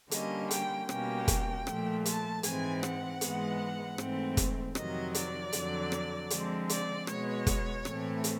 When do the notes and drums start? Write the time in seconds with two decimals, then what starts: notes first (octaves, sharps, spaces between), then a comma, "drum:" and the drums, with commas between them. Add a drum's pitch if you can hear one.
0.11 D3 G3 A#3 C#4 D#5, drum: hi-hat
0.51 G5, drum: hi-hat
0.89 B2 G3 A#3 C#4 G5, drum: rim click
1.28 drum: kick, hi-hat
1.67 A#2 F3 A3, drum: rim click
2.06 A5, drum: hi-hat
2.43 G#2 E3 G#3 C4 G#5, drum: hi-hat
2.83 F#5, drum: rim click
3.21 G#2 E3 G#3 B3, drum: hi-hat
3.98 G#2 E3 A3 C4, drum: rim click
4.37 drum: kick, hi-hat
4.75 F2 C3 D#3 F#3 D#5, drum: rim click
5.15 D5, drum: hi-hat
5.53 F2 D3 F#3, drum: hi-hat
5.92 drum: rim click
6.30 D3 F3 G#3 C4, drum: hi-hat
6.69 D5, drum: hi-hat
7.07 B2 G#3 B3 C#5, drum: rim click
7.47 drum: kick, hi-hat
7.85 A2 E3 A3 C4, drum: rim click
8.24 drum: hi-hat